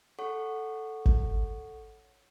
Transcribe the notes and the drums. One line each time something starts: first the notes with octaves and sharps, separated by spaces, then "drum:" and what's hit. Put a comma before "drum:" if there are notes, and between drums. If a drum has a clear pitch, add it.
A4 C#5 F#5 C#6
drum: kick G#1